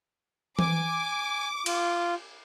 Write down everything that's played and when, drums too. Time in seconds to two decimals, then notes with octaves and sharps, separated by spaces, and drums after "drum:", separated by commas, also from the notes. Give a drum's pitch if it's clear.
0.59 G#5 D6, drum: tom E3
1.66 F4, drum: cymbal